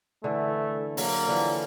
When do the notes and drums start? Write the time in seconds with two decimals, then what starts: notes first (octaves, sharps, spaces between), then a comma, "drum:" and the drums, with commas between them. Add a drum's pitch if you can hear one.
0.24 D3 E3 A3
0.97 F#3 A#3, drum: open hi-hat
1.28 D3 E3 F3